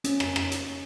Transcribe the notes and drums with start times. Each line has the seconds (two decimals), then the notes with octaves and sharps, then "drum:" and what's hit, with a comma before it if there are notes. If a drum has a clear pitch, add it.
0.04 C#4, drum: hi-hat
0.20 drum: rim click
0.36 drum: rim click
0.52 drum: hi-hat